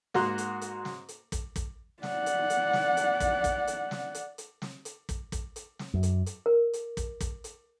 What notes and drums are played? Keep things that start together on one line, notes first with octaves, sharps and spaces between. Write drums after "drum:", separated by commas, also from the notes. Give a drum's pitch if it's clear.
G#2 A#3 F#4 A#5 C6 F#6, drum: snare
drum: hi-hat
drum: hi-hat
drum: snare
drum: hi-hat
drum: kick, hi-hat
drum: kick, hi-hat
D5 F#5, drum: snare
drum: hi-hat
drum: hi-hat
drum: snare
drum: hi-hat
drum: kick, hi-hat
drum: kick, hi-hat
drum: hi-hat
drum: snare
drum: hi-hat
drum: hi-hat
drum: snare
drum: hi-hat
drum: kick, hi-hat
drum: kick, hi-hat
drum: hi-hat
drum: snare
F#2
drum: hi-hat
drum: hi-hat
A#4
drum: hi-hat
drum: kick, hi-hat
drum: kick, hi-hat
drum: hi-hat